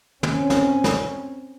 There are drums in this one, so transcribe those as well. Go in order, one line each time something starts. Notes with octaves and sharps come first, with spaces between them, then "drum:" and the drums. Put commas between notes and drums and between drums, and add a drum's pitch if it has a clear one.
C4 C#4, drum: tom
drum: snare
drum: snare